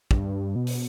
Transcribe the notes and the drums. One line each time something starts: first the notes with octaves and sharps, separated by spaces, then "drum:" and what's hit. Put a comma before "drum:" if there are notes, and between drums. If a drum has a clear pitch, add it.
G2, drum: kick
B2
drum: open hi-hat